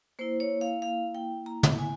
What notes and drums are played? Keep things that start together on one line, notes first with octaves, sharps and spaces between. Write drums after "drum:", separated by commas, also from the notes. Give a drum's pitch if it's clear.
A#3 E4 C5
C#5
F5
F5
G5
A#5
drum: tom
G#5